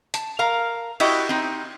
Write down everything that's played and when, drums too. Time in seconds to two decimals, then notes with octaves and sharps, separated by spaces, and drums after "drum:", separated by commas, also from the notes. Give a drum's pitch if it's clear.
0.14 A5, drum: hi-hat
0.39 A#4 F5 A#5
1.00 E4 F#4 G4 D#5, drum: cymbal
1.29 C4 D#4